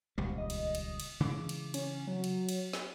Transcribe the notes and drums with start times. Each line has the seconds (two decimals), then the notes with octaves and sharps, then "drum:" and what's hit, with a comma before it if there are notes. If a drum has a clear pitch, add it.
0.18 D#1 C#2 G3
0.38 D#5
0.50 drum: cymbal
0.75 drum: cymbal
1.00 drum: cymbal
1.20 C#3 E3 G#3 D6
1.49 drum: cymbal
1.74 C#4, drum: cymbal
2.07 F#3
2.24 drum: cymbal
2.49 drum: cymbal
2.73 drum: snare